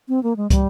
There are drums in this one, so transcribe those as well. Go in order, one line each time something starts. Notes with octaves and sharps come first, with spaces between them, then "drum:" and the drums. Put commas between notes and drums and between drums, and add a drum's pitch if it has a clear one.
C4
A#3
G#3
G3, drum: kick, hi-hat